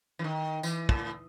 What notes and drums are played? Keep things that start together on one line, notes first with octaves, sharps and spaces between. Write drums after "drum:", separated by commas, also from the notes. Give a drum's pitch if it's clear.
E3
D#3
E3, drum: tambourine
A2, drum: kick